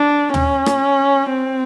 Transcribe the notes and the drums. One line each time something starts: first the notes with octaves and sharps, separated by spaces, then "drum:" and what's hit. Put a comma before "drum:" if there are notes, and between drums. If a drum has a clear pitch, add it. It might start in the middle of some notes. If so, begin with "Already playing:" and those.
Already playing: D4
C#4, drum: tom
drum: rim click
C4